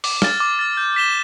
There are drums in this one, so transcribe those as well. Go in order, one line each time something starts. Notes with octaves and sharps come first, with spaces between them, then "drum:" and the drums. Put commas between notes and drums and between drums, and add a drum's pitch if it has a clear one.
D6, drum: open hi-hat
F6 A6, drum: snare
D6
F6 A6
G6
B6 E7 G7